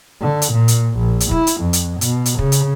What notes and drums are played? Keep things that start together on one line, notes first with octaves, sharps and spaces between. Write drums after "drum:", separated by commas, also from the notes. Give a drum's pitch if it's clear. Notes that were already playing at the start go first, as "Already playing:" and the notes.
D3
drum: hi-hat
A#2
drum: hi-hat
A#1
drum: hi-hat
E4, drum: kick
drum: hi-hat
F2
drum: hi-hat
B2, drum: hi-hat
drum: hi-hat
C#3, drum: kick
drum: hi-hat